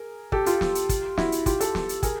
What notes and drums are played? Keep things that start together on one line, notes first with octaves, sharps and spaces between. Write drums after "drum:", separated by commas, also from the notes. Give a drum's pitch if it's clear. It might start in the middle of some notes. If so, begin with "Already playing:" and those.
Already playing: G#4 A#4
G4 A4, drum: kick
F4 G4, drum: hi-hat
drum: snare
drum: hi-hat
drum: kick, hi-hat
E4 F#4, drum: snare
drum: hi-hat
F4 G4, drum: kick, hi-hat
G4 A4, drum: hi-hat
drum: snare
drum: hi-hat
G#4 A#4, drum: kick, hi-hat